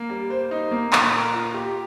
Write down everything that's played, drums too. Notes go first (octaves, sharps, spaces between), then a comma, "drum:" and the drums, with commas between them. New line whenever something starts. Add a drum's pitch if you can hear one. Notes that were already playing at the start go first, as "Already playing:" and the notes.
Already playing: A#3
G3
C5
D#4
A#3
A#2, drum: clap
A#4
F4
G4